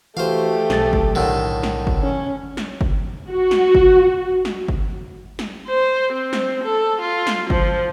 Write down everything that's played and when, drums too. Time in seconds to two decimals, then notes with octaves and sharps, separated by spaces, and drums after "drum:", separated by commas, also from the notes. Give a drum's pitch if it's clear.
0.17 E3 A3 F#4 G4 C5 F5
0.70 B1 G#4 A6, drum: snare
0.93 drum: kick G1
1.15 A2 D3 D#3
1.63 drum: snare
1.87 drum: kick G1
2.01 C#4
2.57 drum: snare
2.81 drum: kick G1
3.29 F#4
3.51 drum: snare
3.75 drum: kick G1
4.45 drum: snare
4.68 drum: kick G1
5.39 drum: snare
5.68 C5
6.13 C4
6.33 drum: snare
6.63 A4
7.01 F4
7.27 drum: snare
7.50 F3, drum: kick G1